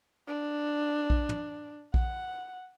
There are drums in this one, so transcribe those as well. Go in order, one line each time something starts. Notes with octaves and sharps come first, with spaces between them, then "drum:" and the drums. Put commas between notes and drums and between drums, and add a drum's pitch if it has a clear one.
D4
drum: kick A#1
drum: tom
F#5, drum: kick A#1